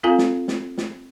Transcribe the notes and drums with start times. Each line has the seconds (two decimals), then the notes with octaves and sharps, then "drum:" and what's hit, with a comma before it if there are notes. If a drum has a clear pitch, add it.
0.03 C4 F4 A4 F5 G#5
0.18 drum: snare
0.48 drum: snare
0.78 drum: snare